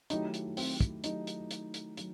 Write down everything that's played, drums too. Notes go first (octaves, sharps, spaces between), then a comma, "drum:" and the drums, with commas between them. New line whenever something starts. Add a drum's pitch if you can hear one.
D#3 F#3 A3 D#4 E4 G4, drum: hi-hat
drum: hi-hat
C4, drum: open hi-hat
drum: kick, hi-hat
D#3 F#3 A3 D#4 E4 G4, drum: hi-hat
drum: hi-hat
drum: hi-hat
drum: hi-hat
D#3 F#3, drum: hi-hat